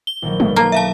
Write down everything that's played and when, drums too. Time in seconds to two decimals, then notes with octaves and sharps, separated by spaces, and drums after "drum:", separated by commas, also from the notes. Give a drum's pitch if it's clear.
0.07 G7
0.22 A#1 D#3 F#3
0.40 B1 B2, drum: tom G3
0.56 A#3 A5
0.72 E5 F5 A5